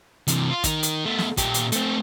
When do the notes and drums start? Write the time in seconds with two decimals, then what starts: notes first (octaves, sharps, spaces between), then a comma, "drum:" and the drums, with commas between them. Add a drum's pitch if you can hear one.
0.28 C3 E3, drum: hi-hat
0.50 F4
0.64 D#3 D#4, drum: kick, hi-hat
0.83 drum: hi-hat
1.06 A3 B3
1.18 drum: snare
1.37 A#2 G4, drum: kick, hi-hat
1.54 drum: hi-hat
1.72 A3 C4, drum: hi-hat